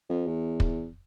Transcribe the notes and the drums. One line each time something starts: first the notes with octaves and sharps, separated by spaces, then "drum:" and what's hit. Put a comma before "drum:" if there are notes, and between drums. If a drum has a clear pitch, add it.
F2
E2
drum: kick